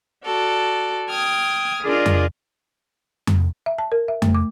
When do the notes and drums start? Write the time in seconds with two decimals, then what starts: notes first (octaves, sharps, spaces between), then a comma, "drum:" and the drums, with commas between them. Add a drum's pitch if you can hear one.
0.25 F#4 A4 D5
1.10 G5 D#6 F6 G#6
1.83 D4 F4 G#4 A#4 D5 D#5
2.06 drum: tom F2
3.27 drum: tom F2
3.66 E5
3.79 A5
3.92 A#4
4.08 E5
4.22 A3, drum: tom F2
4.35 D6